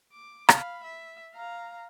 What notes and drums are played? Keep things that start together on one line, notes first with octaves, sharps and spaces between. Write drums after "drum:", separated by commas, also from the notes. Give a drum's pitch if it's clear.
D6
F5 B5, drum: rim click
E5
F5 A#5